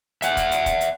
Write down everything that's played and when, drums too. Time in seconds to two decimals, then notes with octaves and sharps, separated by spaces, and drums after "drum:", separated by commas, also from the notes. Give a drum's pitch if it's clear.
0.22 E5 F#5, drum: hi-hat
0.37 drum: kick, hi-hat
0.51 drum: hi-hat
0.66 drum: kick, hi-hat
0.81 drum: hi-hat